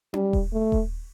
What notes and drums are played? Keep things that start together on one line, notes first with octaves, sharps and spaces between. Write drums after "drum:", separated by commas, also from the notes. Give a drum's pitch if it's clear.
G3, drum: tom C#4
drum: kick D#1
A3
drum: kick D#1